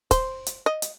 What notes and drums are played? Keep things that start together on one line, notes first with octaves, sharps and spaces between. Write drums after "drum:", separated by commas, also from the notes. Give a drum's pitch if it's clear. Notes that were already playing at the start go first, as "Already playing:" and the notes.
C5, drum: kick, hi-hat
drum: hi-hat
D#5
drum: hi-hat